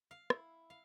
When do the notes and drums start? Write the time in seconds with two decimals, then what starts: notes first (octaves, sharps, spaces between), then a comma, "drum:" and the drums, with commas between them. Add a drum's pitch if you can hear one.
0.11 F5
0.30 E4, drum: rim click
0.70 F5